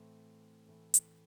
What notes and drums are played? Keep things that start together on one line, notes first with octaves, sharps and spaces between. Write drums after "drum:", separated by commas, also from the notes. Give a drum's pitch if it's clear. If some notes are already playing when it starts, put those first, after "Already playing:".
Already playing: A2 E3 A3 C4
A2 E3 A3 C4
drum: hi-hat